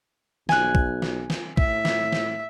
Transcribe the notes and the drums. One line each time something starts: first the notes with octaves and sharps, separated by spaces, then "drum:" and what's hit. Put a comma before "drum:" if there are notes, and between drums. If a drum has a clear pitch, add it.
B1 G#5 F#6, drum: snare
drum: kick
drum: snare
drum: snare
A2 E5, drum: kick
drum: snare
drum: snare